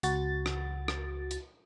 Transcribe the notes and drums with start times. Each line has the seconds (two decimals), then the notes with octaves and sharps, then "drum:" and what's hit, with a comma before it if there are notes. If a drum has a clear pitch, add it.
0.03 C#2 F#4 A6, drum: hi-hat
0.46 drum: rim click
0.88 drum: rim click
1.31 drum: hi-hat